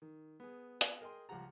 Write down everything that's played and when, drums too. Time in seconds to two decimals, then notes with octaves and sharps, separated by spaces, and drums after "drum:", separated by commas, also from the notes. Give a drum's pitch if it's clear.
0.02 D#3
0.40 B3 G#4
0.81 drum: hi-hat
1.01 G#4 A#4 D#5 G5 G#5 C6
1.29 C#2 F3 G3 F#5 A#5